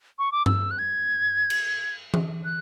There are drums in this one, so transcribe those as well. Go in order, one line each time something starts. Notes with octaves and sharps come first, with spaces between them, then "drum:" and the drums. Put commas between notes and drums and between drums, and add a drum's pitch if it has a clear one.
C#6
D6
E6, drum: tom G2
F#6
G#6
drum: cymbal
drum: tom E3
F#6